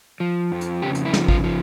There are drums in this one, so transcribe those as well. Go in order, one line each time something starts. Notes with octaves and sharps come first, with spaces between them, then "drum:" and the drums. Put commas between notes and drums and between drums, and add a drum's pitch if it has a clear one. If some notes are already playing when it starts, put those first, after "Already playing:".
F3
F2
drum: hi-hat
C#3 G4
drum: hi-hat
E4
F3, drum: snare
F4, drum: kick G#1
F3